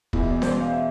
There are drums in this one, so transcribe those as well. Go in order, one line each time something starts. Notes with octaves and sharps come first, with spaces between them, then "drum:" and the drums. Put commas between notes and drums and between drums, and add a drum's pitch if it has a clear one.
E2 B2 B3 E4, drum: kick
D5
C5, drum: snare C#4
F5
E5